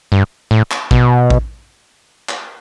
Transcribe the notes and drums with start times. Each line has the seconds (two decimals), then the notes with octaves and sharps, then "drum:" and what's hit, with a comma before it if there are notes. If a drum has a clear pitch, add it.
0.12 G2
0.51 A2
0.71 drum: clap
0.91 B2, drum: kick A1
1.30 drum: kick A1
2.29 drum: clap